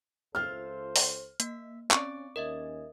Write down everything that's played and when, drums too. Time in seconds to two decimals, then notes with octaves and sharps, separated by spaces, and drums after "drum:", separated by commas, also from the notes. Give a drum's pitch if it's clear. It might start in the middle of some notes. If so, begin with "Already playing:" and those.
0.35 C#2 F4 A4 C5 E5 F6
0.96 drum: open hi-hat
1.40 A#3 E5, drum: hi-hat
1.91 C4 C#4 D5 C#6, drum: clap
2.36 D#2 C#4 A#4 D#5 E5